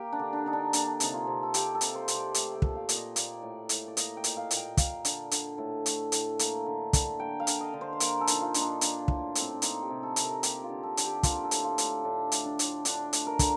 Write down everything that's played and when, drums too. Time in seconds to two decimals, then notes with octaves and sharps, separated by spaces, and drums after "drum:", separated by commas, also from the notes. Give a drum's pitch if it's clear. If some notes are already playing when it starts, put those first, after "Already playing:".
Already playing: A#3 G4
0.13 D4
0.19 D3
0.33 D4
0.46 D3 D#4
0.53 D4
0.73 A#3 D4, drum: hi-hat
1.00 C3 D#4, drum: hi-hat
1.13 F4
1.27 C3
1.43 A4
1.54 A#3 G4, drum: hi-hat
1.75 A4
1.81 C3, drum: hi-hat
1.95 C5
2.08 C3, drum: hi-hat
2.15 D5
2.34 A3 A5, drum: hi-hat
2.55 G5
2.62 A#2, drum: kick
2.75 F5
2.89 A#2, drum: hi-hat
2.95 D#5
3.16 A#3 D5, drum: hi-hat
3.42 A2
3.69 A2, drum: hi-hat
3.88 D5
3.97 A#3 D#5, drum: hi-hat
4.17 G5
4.24 A#2, drum: hi-hat
4.37 F5
4.51 A#2, drum: hi-hat
4.57 G5
4.77 A#3 F5, drum: kick, hi-hat
5.05 D3, drum: hi-hat
5.31 D3, drum: hi-hat
5.58 A2
5.86 A3, drum: hi-hat
6.12 A2, drum: hi-hat
6.39 A#3, drum: hi-hat
6.66 D3
6.93 D3, drum: kick, hi-hat
7.20 A#3 G5
7.40 F5
7.47 D3, drum: hi-hat
7.61 D#5
7.74 D3
7.81 C5
7.93 C5
8.00 A#3 A#4, drum: hi-hat
8.21 A4
8.27 A#2 D#4, drum: hi-hat
8.41 F4
8.54 A#2 D4, drum: hi-hat
8.61 D#4
8.81 A#3 D4, drum: hi-hat
9.08 A2, drum: kick
9.35 A2 C4, drum: hi-hat
9.52 D4
9.62 A#3 D#4, drum: hi-hat
9.82 G4
9.90 C3
10.03 A4
10.16 C3, drum: hi-hat
10.23 A#4
10.43 A#3 G4, drum: hi-hat
10.64 F4
10.69 D3
10.83 A4
10.97 D3, drum: hi-hat
11.04 G4
11.23 A#3 F4, drum: kick, hi-hat
11.44 A4
11.51 A2, drum: hi-hat
11.64 F4
11.78 A2, drum: hi-hat
12.04 A2 D4
12.32 A3, drum: hi-hat
12.45 D4
12.59 A2, drum: hi-hat
12.85 D3 D4, drum: hi-hat
13.13 A3, drum: hi-hat
13.27 A#4
13.39 D3, drum: kick, hi-hat